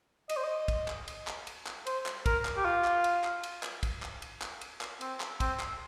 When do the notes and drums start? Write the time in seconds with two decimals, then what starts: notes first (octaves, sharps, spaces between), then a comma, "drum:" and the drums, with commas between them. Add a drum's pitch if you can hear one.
0.29 D#5, drum: cymbal
0.37 C5
0.44 D#5
0.68 drum: kick, cymbal
0.88 drum: clap
1.08 drum: cymbal
1.27 drum: clap
1.47 drum: cymbal
1.67 drum: clap
1.87 C5, drum: cymbal
2.06 drum: clap
2.26 A#4, drum: kick, cymbal
2.45 drum: clap
2.57 G4
2.65 F4
2.84 drum: clap
3.04 drum: cymbal
3.24 drum: clap
3.43 drum: cymbal
3.63 drum: clap
3.83 drum: kick, cymbal
4.02 drum: clap
4.22 drum: cymbal
4.42 drum: clap
4.61 drum: cymbal
4.81 drum: clap
5.01 C4, drum: cymbal
5.20 drum: clap
5.40 C4, drum: kick, cymbal
5.60 drum: clap